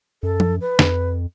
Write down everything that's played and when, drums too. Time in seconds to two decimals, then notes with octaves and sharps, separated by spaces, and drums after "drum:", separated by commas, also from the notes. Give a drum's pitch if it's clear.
0.23 F#2 A4
0.40 drum: tom F3
0.61 B4
0.79 F2, drum: snare